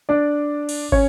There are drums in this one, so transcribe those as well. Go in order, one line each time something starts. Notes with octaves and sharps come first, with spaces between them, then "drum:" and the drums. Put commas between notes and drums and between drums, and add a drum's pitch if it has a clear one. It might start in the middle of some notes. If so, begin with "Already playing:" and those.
D4 D5
drum: cymbal
C#4 C#5, drum: kick